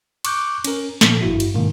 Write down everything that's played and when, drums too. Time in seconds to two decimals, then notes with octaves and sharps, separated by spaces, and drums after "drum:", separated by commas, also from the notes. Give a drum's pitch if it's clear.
0.25 C#6 D6 F#6 G6, drum: cymbal
0.64 C#4 A#4, drum: cymbal
1.01 A#2 F3 A4 B6, drum: snare
1.21 G#1 G2 E4 F#4
1.40 drum: cymbal
1.54 G#2 B2 D#3 A#3